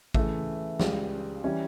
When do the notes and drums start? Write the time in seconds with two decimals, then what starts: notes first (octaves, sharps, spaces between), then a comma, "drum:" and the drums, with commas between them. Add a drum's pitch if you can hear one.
0.14 C#3 E3 A3, drum: kick A1
0.80 C#2 C#3 G3, drum: snare
1.44 E3 G3 C#4